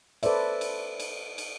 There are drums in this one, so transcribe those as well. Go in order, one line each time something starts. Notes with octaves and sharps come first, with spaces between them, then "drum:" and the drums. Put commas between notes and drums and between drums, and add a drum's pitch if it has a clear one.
A4 B4 C5 D5 E5, drum: cymbal
drum: cymbal
drum: cymbal
drum: cymbal